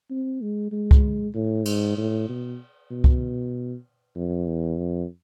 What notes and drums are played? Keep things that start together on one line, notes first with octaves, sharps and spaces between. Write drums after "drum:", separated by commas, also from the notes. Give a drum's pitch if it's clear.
C4
G#3
G#3
drum: kick C2
A2
G#2, drum: cymbal
A2
B2
B2
drum: kick C2
F2
E2
F2